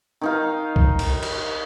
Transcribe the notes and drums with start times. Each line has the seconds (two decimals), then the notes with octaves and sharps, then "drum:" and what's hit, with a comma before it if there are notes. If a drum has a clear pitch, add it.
0.21 D#3 D#4 F5
0.76 drum: kick B1
0.99 drum: cymbal
1.23 drum: cymbal